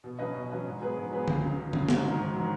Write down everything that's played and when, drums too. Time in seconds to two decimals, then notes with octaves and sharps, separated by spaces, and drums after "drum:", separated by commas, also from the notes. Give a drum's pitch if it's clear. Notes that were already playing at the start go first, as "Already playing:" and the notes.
0.04 B2
0.19 F#3 C#4 B4 D#5
0.34 B2
0.50 F#3 C#4 B4 D#5
0.66 G#2
0.81 F#3 B3 G#4 B4
0.97 G#2
1.11 F#3 B3 G#4 B4
1.28 C#2, drum: tom D3
1.43 C#3 F#3
1.58 C#2
1.73 C#3 F#3, drum: tom D3
1.89 G#2, drum: snare
2.05 D#3 F#3
2.19 G#2
2.35 D#3 F#3